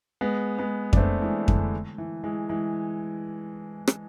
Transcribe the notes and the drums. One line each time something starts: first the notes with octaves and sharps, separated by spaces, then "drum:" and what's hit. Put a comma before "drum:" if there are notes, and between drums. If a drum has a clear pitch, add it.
G#3 B3
G#3 B3
D4, drum: kick F2
A3 C4
E3 G#3
D3, drum: kick F2
E3
E3 G#3
E3 G#3
drum: rim click